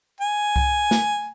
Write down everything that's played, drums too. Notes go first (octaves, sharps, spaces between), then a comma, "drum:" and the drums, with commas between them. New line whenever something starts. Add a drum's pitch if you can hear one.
G#5
drum: kick C2
drum: snare